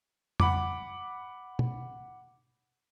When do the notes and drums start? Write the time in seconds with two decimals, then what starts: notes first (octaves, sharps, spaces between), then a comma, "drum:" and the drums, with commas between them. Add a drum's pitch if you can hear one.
0.40 F#5 B5 D6, drum: tom F2
1.59 drum: tom